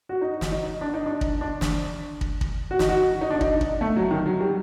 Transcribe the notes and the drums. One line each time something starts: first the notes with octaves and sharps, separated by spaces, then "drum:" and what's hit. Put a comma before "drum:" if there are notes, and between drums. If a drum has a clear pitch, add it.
F#4
D#4
drum: snare
D#4
D4
D#4
D4
drum: kick
D4
drum: snare
drum: kick
drum: kick
F#4
D#4, drum: snare
F#4
D#4
D4
D#4, drum: kick
drum: kick
A3
F#3
D#3
F#3
G3